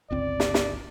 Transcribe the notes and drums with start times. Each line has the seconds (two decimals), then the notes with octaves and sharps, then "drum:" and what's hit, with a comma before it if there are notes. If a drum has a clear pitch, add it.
0.11 G1 C#2 C4 D5
0.40 drum: snare
0.54 drum: snare